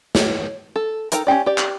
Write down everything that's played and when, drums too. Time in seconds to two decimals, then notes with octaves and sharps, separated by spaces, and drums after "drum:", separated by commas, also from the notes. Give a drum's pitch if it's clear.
0.15 C#5, drum: snare
0.76 A4
1.12 D#4 A4 A#4 G5 A#5, drum: hi-hat
1.27 C#4 E4 G4 D5
1.46 G4 D5
1.58 drum: clap